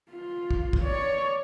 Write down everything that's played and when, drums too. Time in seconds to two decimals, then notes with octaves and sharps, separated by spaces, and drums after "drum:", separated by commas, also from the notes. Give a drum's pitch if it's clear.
0.11 F4
0.51 drum: kick
0.73 drum: kick
0.82 C#5 D5